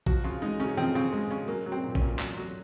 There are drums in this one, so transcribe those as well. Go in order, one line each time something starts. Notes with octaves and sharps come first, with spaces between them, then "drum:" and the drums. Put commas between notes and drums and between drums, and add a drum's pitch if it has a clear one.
F3 F#4, drum: kick A#1
C#3 F4
G#3 D#4
C#3 C#4
F3 C4
C#3 C4
G#3
C#3 C#4
F#3 A#3
F#3
C4
A#2
C#4, drum: kick A#1
A#2
F#3, drum: clap
F#3 F#4